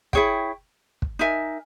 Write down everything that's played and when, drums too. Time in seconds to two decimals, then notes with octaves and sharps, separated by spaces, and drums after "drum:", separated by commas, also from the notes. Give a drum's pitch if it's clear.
0.13 E4 G#4 C#5 G5, drum: kick
1.02 drum: kick
1.19 D#4 A#4 E5 G#5